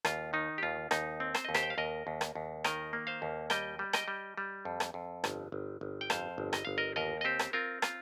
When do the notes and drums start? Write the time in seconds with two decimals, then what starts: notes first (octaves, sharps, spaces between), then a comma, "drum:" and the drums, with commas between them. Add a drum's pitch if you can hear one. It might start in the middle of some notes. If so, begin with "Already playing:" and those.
0.05 D#2 F4, drum: rim click
0.33 D#3 D#4
0.58 G4
0.63 D#2 F4
0.91 D#2 D#4, drum: rim click
1.20 C4
1.35 C5, drum: rim click
1.45 D#2 D#5
1.54 G4 C5, drum: rim click
1.63 G5
1.70 F5
1.78 D#2 A#4 D#5
2.07 D#2
2.21 drum: rim click
2.35 D#2
2.64 D#3 A#4 D#5, drum: rim click
2.93 A#3
3.07 C5 F5
3.22 D#2
3.50 G3 D#5 G5, drum: rim click
3.79 G3
3.93 D#5 G5, drum: rim click
4.08 G3
4.37 G3
4.65 F2
4.80 drum: rim click
4.94 F2
5.24 G1, drum: rim click
5.52 G1
5.81 G1
6.01 G5
6.10 F2 C5 F5, drum: rim click
6.38 G1
6.53 D#5, drum: rim click
6.65 G1 F5
6.78 A#4 D#5
6.96 D#2 A#4 D#5
7.21 D#5
7.25 C4 G4 C5
7.39 drum: rim click
7.53 C4 F4 A#4
7.82 F4, drum: rim click